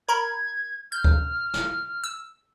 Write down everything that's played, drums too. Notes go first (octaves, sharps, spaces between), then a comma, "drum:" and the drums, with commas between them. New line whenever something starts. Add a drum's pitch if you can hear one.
A#4 A#5 B5 G#6
F6 G6
drum: kick D2
drum: snare
E6